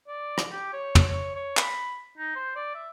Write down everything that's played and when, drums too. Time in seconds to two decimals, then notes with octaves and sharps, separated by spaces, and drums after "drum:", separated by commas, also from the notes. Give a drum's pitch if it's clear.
0.07 D5
0.38 drum: rim click
0.51 G4
0.73 C#5
0.95 drum: tom
1.08 C#5
1.35 C#5
1.57 B5, drum: clap
2.18 D#4
2.35 C5
2.56 D5
2.75 E5